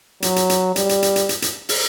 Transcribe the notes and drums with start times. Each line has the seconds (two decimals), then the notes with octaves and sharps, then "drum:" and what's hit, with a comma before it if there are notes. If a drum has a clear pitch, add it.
0.22 F#3, drum: hi-hat
0.36 drum: hi-hat
0.50 drum: hi-hat
0.76 G3, drum: hi-hat
0.89 drum: hi-hat
1.03 drum: hi-hat
1.16 drum: hi-hat
1.29 drum: hi-hat
1.42 drum: hi-hat
1.69 drum: open hi-hat